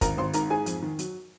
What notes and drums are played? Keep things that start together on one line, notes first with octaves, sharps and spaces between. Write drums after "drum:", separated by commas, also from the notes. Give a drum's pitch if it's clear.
G#1 A#4 A#5, drum: kick, hi-hat
G#1 C5 C6
G#2 A#4 A#5, drum: hi-hat
G#2 G#4 G#5
F2, drum: hi-hat
D#3
F#3, drum: hi-hat